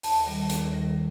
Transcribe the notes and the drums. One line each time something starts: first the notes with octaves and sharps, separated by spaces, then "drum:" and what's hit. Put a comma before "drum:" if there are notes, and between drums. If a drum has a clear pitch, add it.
D#2 A5, drum: open hi-hat
D#3 G3
D#2, drum: hi-hat
D#3 G3